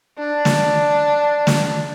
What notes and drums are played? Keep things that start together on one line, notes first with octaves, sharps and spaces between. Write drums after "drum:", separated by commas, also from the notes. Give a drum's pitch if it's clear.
D4
drum: snare
drum: snare